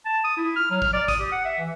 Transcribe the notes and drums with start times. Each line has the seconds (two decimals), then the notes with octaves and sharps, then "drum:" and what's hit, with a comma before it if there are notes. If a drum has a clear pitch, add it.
0.06 A5
0.24 D#6
0.37 E4
0.56 F6
0.71 F#3
0.82 F6, drum: kick
0.93 D5
1.08 D#6, drum: kick, hi-hat
1.20 G4
1.32 F#5
1.45 E5
1.58 E3